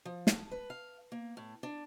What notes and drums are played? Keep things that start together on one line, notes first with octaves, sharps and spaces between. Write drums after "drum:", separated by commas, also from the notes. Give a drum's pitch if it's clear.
F3
A5, drum: snare
B4
F5
A#3
A2
D4